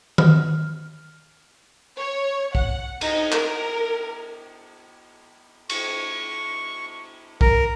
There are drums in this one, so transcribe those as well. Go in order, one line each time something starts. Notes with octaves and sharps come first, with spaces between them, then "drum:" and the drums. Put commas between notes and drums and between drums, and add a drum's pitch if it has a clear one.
F6, drum: tom D#3
C#5
F#5, drum: kick
D#4, drum: cymbal
A#4, drum: clap
C#6, drum: cymbal
A#4, drum: kick